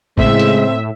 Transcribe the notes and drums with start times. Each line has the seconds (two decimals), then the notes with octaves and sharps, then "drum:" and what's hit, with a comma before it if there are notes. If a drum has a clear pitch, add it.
0.18 A2 C#3 G#3 C4 E5, drum: kick G#1
0.39 drum: hi-hat